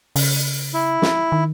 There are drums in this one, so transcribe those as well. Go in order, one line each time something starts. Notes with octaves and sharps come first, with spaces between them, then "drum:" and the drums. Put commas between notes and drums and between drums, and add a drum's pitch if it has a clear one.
C#3, drum: open hi-hat
E4
drum: snare
D#3